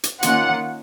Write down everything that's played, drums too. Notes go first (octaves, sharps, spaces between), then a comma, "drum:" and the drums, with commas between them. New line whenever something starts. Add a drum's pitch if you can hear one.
drum: hi-hat
D#3 A#3 C#4 F4 F#5, drum: hi-hat